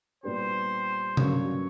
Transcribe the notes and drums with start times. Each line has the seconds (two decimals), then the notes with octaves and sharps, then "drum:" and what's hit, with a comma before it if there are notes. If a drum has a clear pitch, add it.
0.23 A#2 G3 B3 D4 G4 C5
1.17 G2 D3 F#3 A#3 C#4 C#5, drum: tom C3